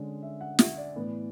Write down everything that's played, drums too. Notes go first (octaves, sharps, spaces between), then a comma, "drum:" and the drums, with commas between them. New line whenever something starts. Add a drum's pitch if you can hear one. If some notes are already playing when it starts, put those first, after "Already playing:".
Already playing: D3 G#3 C#4
E5
F#5
E5, drum: snare
D5
A2 E3 B3